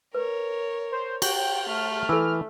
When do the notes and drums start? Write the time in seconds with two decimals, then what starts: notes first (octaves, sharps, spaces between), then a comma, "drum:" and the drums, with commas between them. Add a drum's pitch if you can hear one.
0.15 A#4 B4 C#5
0.92 C5
1.22 F#4 G5, drum: cymbal
1.67 A3 F6
2.09 E3 A4 E6